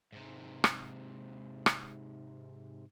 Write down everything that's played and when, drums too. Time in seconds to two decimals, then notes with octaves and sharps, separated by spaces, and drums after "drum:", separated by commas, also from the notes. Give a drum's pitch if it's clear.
0.13 G#2 C3
0.64 drum: rim click
1.66 drum: rim click